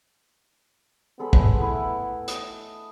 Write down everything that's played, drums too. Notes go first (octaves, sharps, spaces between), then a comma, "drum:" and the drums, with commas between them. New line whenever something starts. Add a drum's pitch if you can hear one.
G#3 B3 A4 B5
drum: kick
A3 E4
D#5, drum: hi-hat